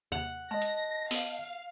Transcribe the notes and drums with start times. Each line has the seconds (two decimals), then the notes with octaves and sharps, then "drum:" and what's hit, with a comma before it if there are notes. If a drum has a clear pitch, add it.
0.12 D#2 C3 F#5
0.51 G#3 D#5 A5 A#6
0.62 drum: hi-hat
1.11 B3 F5, drum: open hi-hat